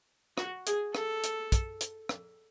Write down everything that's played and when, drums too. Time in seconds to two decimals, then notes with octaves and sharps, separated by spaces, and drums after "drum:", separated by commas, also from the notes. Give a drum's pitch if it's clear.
0.38 F#4, drum: rim click
0.67 G#4, drum: hi-hat
0.95 A4, drum: rim click
1.24 drum: hi-hat
1.52 drum: kick, hi-hat
1.81 drum: hi-hat
2.09 drum: rim click